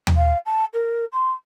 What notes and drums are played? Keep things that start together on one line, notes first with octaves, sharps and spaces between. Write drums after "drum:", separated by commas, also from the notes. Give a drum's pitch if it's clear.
drum: tom
F5
A5
A#4
C6